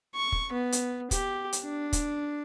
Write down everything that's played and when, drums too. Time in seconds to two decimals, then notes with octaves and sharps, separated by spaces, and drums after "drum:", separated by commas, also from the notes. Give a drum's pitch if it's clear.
0.15 C#6
0.32 drum: kick
0.52 B3
0.72 drum: hi-hat
1.11 G4, drum: kick, hi-hat
1.53 drum: hi-hat
1.62 D4
1.93 drum: kick, hi-hat